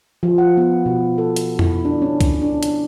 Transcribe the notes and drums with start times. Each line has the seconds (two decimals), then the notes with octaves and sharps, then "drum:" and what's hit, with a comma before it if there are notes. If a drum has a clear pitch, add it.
0.23 F3
0.38 F#5
0.57 B3
0.86 B2
1.18 A4
1.36 drum: hi-hat
1.59 E4, drum: tom F2
1.85 D4
2.02 C#4
2.21 drum: kick C2, hi-hat
2.42 D4
2.63 drum: hi-hat